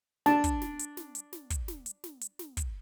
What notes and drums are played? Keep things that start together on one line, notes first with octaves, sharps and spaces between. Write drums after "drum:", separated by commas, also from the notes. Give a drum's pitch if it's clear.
D4 A5, drum: snare
drum: kick, hi-hat
drum: snare
drum: hi-hat
drum: snare
drum: hi-hat
drum: snare
drum: kick, hi-hat
drum: snare
drum: hi-hat
drum: snare
drum: hi-hat
drum: snare
drum: kick, hi-hat